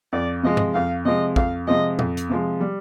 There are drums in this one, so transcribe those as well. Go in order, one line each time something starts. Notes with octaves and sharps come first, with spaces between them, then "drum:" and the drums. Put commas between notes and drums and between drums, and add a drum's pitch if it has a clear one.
F2 D5
C3 F3 G#3 D#5
drum: tom
F2 F5
C3 F3 G#3 D#5
F2 F5, drum: kick
C3 F3 G#3 D#5
F2, drum: tom
drum: hi-hat
C3 F3 G#3
G3